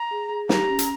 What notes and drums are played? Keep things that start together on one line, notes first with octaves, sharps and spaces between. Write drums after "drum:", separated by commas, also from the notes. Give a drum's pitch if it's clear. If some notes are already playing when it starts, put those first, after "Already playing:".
Already playing: A#5
G#4
G#4
G4 A#5, drum: snare
C#4
drum: hi-hat